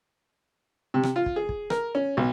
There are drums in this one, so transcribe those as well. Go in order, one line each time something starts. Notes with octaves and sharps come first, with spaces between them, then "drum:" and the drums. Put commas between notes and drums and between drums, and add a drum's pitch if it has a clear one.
C3
drum: rim click
F4
drum: kick
G#4
drum: kick
A#4, drum: rim click
C#4
B1